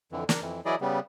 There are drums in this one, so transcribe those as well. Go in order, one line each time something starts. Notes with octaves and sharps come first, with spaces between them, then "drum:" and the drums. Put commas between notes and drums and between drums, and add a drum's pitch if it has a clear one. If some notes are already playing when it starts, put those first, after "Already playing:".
F2 D3 E3
D4 A#4, drum: snare
F2 E3
E3 F#3 E4 G#4 D5 D#5
C#3 G3 B3